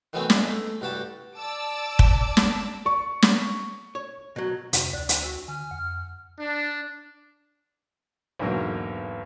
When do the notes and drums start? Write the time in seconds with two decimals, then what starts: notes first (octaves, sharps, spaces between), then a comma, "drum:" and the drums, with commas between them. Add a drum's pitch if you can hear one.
0.13 D#3 E3 F#3 A3 B3 C4
0.30 G#3 D4 F4, drum: snare
0.50 A3
0.81 A1 G2 F#4 G4 A5
1.37 D5 A5 D6 E6
1.99 drum: kick
2.37 drum: snare
2.86 D5 C#6
3.22 drum: snare
3.95 C#5
4.36 B2 F#3
4.73 F2 C3 F#4, drum: hi-hat
4.93 D2 D5 F#6
5.09 D5 G#5, drum: hi-hat
5.23 F#4 E6
5.48 D3 G#5 F6
5.71 F2 F#5
6.39 D4
8.39 B1 E2 G#2 D3 F#3 A#3